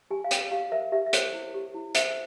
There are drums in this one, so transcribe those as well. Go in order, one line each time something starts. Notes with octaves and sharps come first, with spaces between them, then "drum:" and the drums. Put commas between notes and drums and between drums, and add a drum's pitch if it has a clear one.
G4 G#5
F5
C#5 G5, drum: hi-hat
G4 F5
A#4 E5
G4 E5
E5
C5 C#5, drum: hi-hat
E4
G4
E4
C5 E5, drum: hi-hat